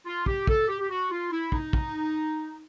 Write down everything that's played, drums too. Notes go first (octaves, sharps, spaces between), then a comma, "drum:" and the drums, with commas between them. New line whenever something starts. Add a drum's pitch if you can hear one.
F4
G4, drum: kick
A4, drum: kick
G4
G4
F#4
F4
E4
D#4, drum: kick
drum: kick